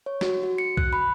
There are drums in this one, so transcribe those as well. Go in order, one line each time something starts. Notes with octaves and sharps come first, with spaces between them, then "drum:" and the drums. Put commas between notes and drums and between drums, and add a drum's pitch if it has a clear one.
C#5
F#4, drum: snare
F#4
C#7
F#6, drum: kick B1
B5